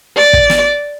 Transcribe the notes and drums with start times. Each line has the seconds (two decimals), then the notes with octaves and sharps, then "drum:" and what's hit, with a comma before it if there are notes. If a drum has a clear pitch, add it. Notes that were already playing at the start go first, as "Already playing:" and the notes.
0.16 D5
0.33 drum: kick
0.50 drum: snare